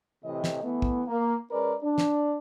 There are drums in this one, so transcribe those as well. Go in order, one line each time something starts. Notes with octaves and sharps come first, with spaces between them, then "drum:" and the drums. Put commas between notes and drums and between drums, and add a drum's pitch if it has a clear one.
A2 C3 E3 D#5
drum: snare
E3 A3 B3
drum: kick
A#3
G#3 C#4 A#4 B4 D5
D4
drum: snare